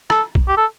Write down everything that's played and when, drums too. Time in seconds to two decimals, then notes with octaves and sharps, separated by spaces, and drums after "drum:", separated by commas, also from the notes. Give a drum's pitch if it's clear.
0.10 A4, drum: rim click
0.35 drum: kick
0.48 G4
0.57 A4